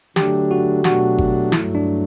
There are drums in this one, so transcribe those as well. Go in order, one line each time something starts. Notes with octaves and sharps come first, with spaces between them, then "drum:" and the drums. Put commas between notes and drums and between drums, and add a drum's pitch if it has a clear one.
D3 F#3 A3 D4 G4, drum: snare
F#4
B2 F#3 A3 D4 F#4, drum: snare
drum: kick G1
G2 F#3 A3 E4, drum: snare
D4